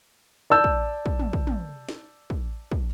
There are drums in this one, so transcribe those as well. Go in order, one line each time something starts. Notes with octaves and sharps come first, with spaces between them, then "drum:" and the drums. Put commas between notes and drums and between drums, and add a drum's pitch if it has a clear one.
D5 A5 E6 G6
drum: kick
drum: kick
drum: tom
drum: kick
drum: tom
drum: snare
drum: kick
drum: kick